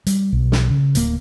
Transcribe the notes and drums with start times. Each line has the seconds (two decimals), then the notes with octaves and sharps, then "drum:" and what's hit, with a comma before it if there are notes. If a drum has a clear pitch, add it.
0.07 G3, drum: hi-hat
0.33 B1
0.52 drum: snare
0.70 C#3
0.95 D1 A#3, drum: hi-hat